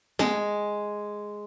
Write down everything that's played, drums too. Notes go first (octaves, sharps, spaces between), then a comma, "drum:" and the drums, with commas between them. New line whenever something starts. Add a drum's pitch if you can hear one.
G#3, drum: snare